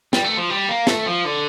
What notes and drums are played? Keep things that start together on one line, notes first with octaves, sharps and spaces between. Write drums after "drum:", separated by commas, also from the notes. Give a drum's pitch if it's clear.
G3, drum: snare
A3
F3
G3
A#3
A3, drum: snare
F3
D3